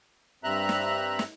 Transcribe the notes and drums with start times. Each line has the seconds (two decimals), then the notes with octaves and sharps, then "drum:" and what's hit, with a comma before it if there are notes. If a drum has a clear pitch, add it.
0.44 G2 G3 C4 E5 A#5 F#6
0.69 drum: snare
1.19 drum: snare